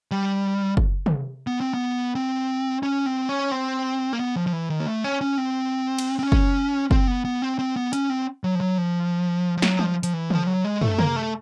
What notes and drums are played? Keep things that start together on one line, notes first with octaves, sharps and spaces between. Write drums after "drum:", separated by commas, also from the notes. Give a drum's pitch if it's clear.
G3
drum: kick F#1
drum: tom
B3
C4
B3
C4
C#4
C4
C#4
C4
A#3
B3
F3
F3
E3
D#3
A#3
A3
C#4
C#4
C4
drum: cymbal
C4
C#4
drum: kick F#1
C4, drum: kick F#1
B3
B3
C4
C4
B3
C#4, drum: hi-hat
C4
F#3
F3
F#3
F3
F3
F#3, drum: snare
F3, drum: tom
F3, drum: hi-hat
E3
F3, drum: tom
F#3
G#3
A3, drum: tom
A#3, drum: tom
A3